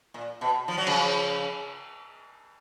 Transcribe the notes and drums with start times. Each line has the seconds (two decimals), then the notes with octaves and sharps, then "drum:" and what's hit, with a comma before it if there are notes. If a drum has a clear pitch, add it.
0.14 A#2
0.41 B2
0.68 F3
0.77 F#3
0.87 C#3 F3, drum: cymbal